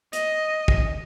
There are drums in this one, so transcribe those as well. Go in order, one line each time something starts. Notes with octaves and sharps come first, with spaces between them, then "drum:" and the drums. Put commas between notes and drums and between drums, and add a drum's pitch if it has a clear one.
D#5, drum: hi-hat
drum: kick